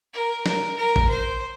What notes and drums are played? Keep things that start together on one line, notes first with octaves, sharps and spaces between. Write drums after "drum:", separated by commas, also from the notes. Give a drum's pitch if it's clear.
A#4
A#4, drum: snare
A#4
drum: kick A1
C5